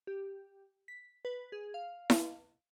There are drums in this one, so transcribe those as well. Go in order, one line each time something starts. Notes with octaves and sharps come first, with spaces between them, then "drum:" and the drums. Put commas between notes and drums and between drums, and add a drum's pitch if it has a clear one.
G4
B6
B4
G#4
F5
drum: snare E4